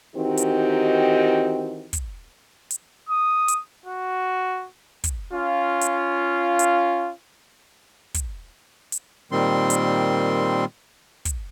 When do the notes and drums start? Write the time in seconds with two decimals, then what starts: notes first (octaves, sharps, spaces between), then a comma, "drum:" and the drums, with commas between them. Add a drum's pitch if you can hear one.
0.16 D#3 E3 C4 D#4 F#4 G4
0.37 drum: hi-hat
1.93 drum: kick, hi-hat
2.71 drum: hi-hat
3.09 D#6
3.48 drum: hi-hat
3.86 F#4
5.04 drum: kick, hi-hat
5.31 C#4 F4
5.81 drum: hi-hat
6.59 drum: hi-hat
8.14 drum: kick, hi-hat
8.92 drum: hi-hat
9.32 A#2 D#3 G3 C4 C6
9.70 drum: hi-hat
11.25 drum: kick, hi-hat